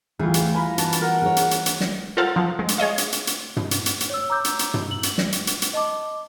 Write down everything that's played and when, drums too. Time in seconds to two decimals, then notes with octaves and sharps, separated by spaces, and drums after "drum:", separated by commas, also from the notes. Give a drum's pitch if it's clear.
0.19 D2 A2 E3 G3 F4 G#4
0.34 drum: hi-hat
0.54 B4 F5 G#5 A#5 B5
0.78 A#3 B3 D#4 F#4 A5, drum: hi-hat
0.93 drum: hi-hat
1.02 A#4 F#5
1.22 G#4 C#5
1.37 drum: hi-hat
1.51 drum: hi-hat
1.66 drum: hi-hat
1.80 drum: snare
2.17 F4 A4 A#4 C5 F5 F#5
2.36 F3 F#3
2.59 G#3
2.68 drum: hi-hat
2.78 G#4 C#5 D#5 F5
2.98 drum: hi-hat
3.12 drum: hi-hat
3.27 drum: hi-hat
3.56 drum: tom
3.71 drum: hi-hat
3.86 drum: hi-hat
4.00 drum: hi-hat
4.10 C#5 E6
4.30 A#5 D6 E6 G6
4.44 drum: hi-hat
4.59 drum: hi-hat
4.74 drum: tom
4.91 F#7
5.03 drum: hi-hat
5.18 drum: snare
5.32 drum: hi-hat
5.47 drum: hi-hat
5.62 drum: hi-hat
5.73 D#5 A5 D6